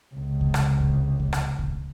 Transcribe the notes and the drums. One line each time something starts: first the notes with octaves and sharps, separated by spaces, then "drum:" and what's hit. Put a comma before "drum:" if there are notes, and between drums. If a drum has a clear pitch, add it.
C#2 C3
drum: kick C#2
drum: rim click
drum: kick C#2
drum: kick C#2
drum: rim click
drum: kick C#2